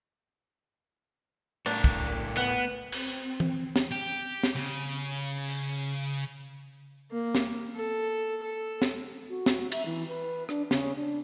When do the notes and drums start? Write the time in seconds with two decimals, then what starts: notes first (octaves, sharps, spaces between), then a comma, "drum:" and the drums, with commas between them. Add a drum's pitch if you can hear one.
1.66 A2 A3 D4 A#4, drum: hi-hat
1.84 drum: kick
2.37 B3 F#5
2.92 C4, drum: cymbal
3.40 drum: tom E3
3.76 drum: snare
3.91 G4
4.43 drum: snare
4.56 C#3
5.48 drum: open hi-hat
7.11 A#3
7.35 drum: snare
7.76 A4
8.43 A4
8.82 drum: snare
9.29 F#4
9.46 drum: snare
9.72 E5, drum: cymbal
9.86 E3
10.08 B4
10.49 D4, drum: rim click
10.71 C#3, drum: snare
10.97 D4